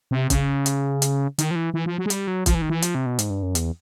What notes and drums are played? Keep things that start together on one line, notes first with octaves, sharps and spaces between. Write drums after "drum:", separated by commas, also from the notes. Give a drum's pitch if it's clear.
C3
C#3, drum: kick, hi-hat
drum: hi-hat
drum: hi-hat
D#3, drum: hi-hat
F3
E3
E3
F3
F#3
G#3
G3, drum: hi-hat
F#3
F3, drum: kick, hi-hat
E3
D#3
E3
F3, drum: hi-hat
C3
B2
G#2, drum: hi-hat
G2
F#2
E2, drum: hi-hat